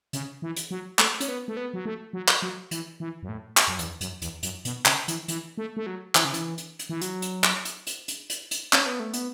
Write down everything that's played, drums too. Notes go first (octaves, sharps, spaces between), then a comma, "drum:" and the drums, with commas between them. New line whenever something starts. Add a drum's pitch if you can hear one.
C#3, drum: hi-hat
E3
drum: hi-hat
F#3
A3, drum: clap
C#4, drum: hi-hat
B3
A3
B3
F#3
A3
F#3
drum: clap
F#3
E3, drum: hi-hat
E3
F#2
A2
drum: clap
F#2
E2, drum: hi-hat
F#2, drum: hi-hat
E2, drum: hi-hat
F#2, drum: hi-hat
B2, drum: hi-hat
C#3, drum: clap
E3, drum: hi-hat
E3, drum: hi-hat
A3
A3
F#3
E3, drum: clap
C#3
E3, drum: hi-hat
drum: hi-hat
drum: hi-hat
E3
F#3, drum: hi-hat
drum: hi-hat
drum: clap
drum: hi-hat
drum: hi-hat
drum: hi-hat
drum: hi-hat
drum: hi-hat
C#4, drum: clap
B3
A3
B3, drum: hi-hat